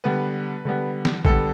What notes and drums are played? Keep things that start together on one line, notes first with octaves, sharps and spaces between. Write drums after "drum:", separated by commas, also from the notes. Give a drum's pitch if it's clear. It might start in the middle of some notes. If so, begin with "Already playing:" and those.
D3 G3 B3 B4
D3 G3 B3
drum: snare
D3 G3 B3 A4, drum: kick